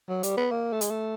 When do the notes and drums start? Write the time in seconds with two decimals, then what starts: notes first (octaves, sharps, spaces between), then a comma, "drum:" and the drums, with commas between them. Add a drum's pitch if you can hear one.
0.09 F#3
0.23 G3, drum: hi-hat
0.37 B3
0.51 A#3
0.73 A3
0.81 G#3, drum: hi-hat
0.90 A3